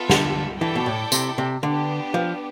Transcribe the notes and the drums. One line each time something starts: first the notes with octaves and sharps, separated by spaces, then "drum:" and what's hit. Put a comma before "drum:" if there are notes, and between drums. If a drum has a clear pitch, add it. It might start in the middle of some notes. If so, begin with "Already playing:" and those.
Already playing: B3 F4 A4 E5
D3, drum: snare
E3 E4 A4 D5 G5
B2
A2
C3, drum: tambourine
C3
D3 B3 D4 G4
F3